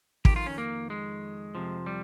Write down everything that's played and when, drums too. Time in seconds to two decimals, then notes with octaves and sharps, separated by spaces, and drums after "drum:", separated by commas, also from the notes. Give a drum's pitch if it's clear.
0.25 F2 D#3 G4, drum: kick
0.36 F4
0.46 C#4
0.58 A#3
0.90 G#3
1.55 F2 C3 F3
1.86 G3